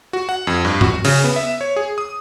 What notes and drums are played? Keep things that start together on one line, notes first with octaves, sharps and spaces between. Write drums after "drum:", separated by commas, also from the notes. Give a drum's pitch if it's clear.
F#4
F#5
F2
G2
F#4, drum: tom G#2
C#3, drum: open hi-hat
B3
E5
C#5
G#4
D#6